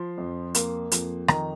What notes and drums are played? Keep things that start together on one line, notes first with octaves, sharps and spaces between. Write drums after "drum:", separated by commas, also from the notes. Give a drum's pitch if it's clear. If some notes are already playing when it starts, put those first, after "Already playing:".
Already playing: F3 C6
F2
A#3, drum: hi-hat
F2, drum: hi-hat
D#3 A#5, drum: rim click